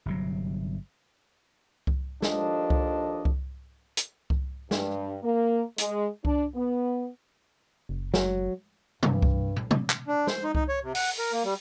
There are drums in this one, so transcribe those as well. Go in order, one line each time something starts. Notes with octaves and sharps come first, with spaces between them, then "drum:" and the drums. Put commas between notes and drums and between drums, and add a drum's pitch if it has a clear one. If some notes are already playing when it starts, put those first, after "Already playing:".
G1 C3 F#3
drum: kick C2
D#2 F3 D4 A4 D#5, drum: snare
drum: kick C2
drum: kick C2
drum: hi-hat
drum: kick C2
G2, drum: snare
A#3
G#3, drum: hi-hat
D4, drum: kick C2
B3
F#1
F#3, drum: snare
G2 C3 E3 G3, drum: tom
drum: kick C2
drum: tom
drum: tom
drum: clap
D4
C5, drum: snare
D#4
D#4, drum: kick C2
C#5
C3
F#5, drum: open hi-hat
A#4
A#3
G3